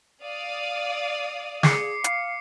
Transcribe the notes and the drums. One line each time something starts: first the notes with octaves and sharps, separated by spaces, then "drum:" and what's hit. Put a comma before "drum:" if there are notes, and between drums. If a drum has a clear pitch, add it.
D5 F5 D#6
G#4 D6 C7 C#7, drum: snare
F5, drum: hi-hat